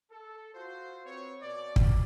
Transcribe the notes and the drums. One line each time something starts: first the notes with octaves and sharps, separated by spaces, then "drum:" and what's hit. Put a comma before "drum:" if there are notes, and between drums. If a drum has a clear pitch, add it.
A4
F4 F#4 C5
C4 B4 C#5
B2 D5
drum: kick